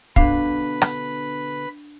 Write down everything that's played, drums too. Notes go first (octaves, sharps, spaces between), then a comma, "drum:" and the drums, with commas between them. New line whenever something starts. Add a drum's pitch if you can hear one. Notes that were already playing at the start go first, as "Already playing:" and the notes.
B2 D3 D4 B4 F5 B5, drum: kick
drum: rim click